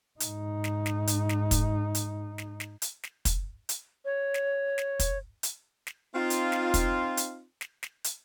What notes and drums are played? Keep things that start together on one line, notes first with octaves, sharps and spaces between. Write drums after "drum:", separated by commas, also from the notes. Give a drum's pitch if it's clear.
G#2 D#4, drum: hi-hat
drum: snare
drum: snare
drum: hi-hat
drum: snare
drum: kick, hi-hat
drum: hi-hat
drum: snare
drum: snare
drum: hi-hat
drum: snare
drum: kick, hi-hat
drum: hi-hat
C#5
drum: snare
drum: snare
drum: kick, hi-hat
drum: hi-hat
drum: snare
C4 D#4 F4
drum: hi-hat
drum: snare
drum: kick, hi-hat
drum: hi-hat
drum: snare
drum: snare
drum: hi-hat